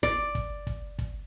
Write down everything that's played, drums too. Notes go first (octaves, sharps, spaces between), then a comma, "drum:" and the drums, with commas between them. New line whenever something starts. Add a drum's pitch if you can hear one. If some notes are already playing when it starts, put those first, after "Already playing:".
D5, drum: kick
drum: kick
drum: kick
drum: kick